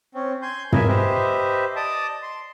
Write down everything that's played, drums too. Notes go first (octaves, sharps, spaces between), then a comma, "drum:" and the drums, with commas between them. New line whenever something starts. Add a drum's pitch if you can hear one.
C4 C#4
G#5 C6 G6
G#4 A#4 B4 D#5 E5 G#5, drum: tom
G4 B4 C5 D#5 E5
D5 D#5 A5 D6 D#6
C6